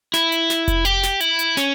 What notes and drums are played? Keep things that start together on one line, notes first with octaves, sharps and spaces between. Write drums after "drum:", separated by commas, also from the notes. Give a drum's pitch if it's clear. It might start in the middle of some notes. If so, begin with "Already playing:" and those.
E4, drum: snare
drum: hi-hat
drum: snare
drum: kick F1, hi-hat
G4, drum: hi-hat
drum: snare
E4, drum: hi-hat
drum: hi-hat
C#4, drum: snare